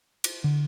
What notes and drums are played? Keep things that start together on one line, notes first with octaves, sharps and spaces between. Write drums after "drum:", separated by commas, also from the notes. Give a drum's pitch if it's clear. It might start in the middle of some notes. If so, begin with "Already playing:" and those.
drum: cymbal
D3